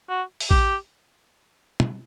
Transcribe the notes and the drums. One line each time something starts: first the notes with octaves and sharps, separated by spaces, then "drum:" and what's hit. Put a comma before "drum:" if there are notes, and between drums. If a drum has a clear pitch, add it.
F#4
drum: open hi-hat
G4, drum: kick A#1
drum: tom